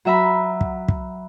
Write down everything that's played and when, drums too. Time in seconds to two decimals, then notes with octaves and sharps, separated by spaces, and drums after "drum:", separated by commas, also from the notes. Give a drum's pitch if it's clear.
0.05 F#3 F#4 E5 A#5 B5
0.61 drum: kick
0.88 drum: kick